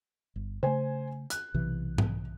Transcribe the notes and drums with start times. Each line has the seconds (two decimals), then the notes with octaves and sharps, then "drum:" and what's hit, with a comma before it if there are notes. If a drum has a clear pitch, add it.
0.36 G1
0.63 C#3 A3 C5 G#5
1.30 F#6, drum: hi-hat
1.54 B1 C3 E3
1.98 drum: tom G#2